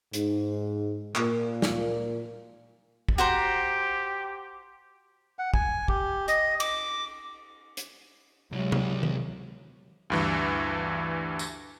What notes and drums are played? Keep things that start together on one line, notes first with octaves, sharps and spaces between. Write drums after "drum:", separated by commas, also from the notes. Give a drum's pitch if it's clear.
G#2, drum: hi-hat
A#2, drum: clap
drum: snare
drum: kick
F#4 G4 C5 A#5
F#5
G#5, drum: kick
G4, drum: kick
D#5, drum: hi-hat
D6, drum: cymbal
drum: hi-hat
C2 F#3 G#3
drum: tom
drum: tom D#3
D2 G2 E3
drum: tambourine